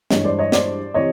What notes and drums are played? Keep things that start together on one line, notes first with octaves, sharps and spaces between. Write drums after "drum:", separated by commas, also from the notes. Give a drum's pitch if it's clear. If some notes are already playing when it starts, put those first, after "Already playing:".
G2 E3 G#3 C#5 D#5, drum: snare
C5 D5
C#5 D#5
C5 D5, drum: snare
C3 E3 C#5 D#5